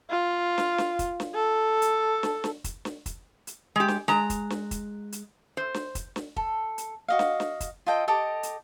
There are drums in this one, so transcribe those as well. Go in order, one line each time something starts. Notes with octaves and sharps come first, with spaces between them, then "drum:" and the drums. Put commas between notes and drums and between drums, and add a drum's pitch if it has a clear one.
F4
drum: snare
drum: snare
drum: kick, hi-hat
drum: snare
A4
drum: hi-hat
drum: snare
drum: snare
drum: kick, hi-hat
drum: snare
drum: kick, hi-hat
drum: hi-hat
G#3 G4
drum: snare
G#3 A#5, drum: snare
drum: kick, hi-hat
drum: snare
drum: kick, hi-hat
drum: hi-hat
C5
drum: snare
drum: kick, hi-hat
drum: snare
A4, drum: kick
drum: hi-hat
F#4 D#5 F5
drum: snare
drum: snare
drum: kick, hi-hat
F4 A4 D#5 G5
G4 A4 D#5 D6
drum: hi-hat